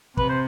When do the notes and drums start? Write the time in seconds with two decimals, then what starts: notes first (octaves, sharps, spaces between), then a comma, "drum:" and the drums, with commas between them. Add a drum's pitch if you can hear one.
0.17 C3 B4, drum: kick
0.29 C5